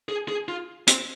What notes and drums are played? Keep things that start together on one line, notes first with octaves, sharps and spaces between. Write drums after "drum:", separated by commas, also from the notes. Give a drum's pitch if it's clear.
G#4
G#4
F4
C4, drum: hi-hat